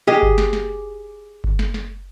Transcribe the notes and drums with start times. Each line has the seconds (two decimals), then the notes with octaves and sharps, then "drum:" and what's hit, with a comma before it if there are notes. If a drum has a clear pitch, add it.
0.07 G4 G#4 D#5
0.23 drum: kick G1
0.38 drum: snare
0.53 drum: snare
1.44 drum: kick G1
1.59 drum: snare
1.74 drum: snare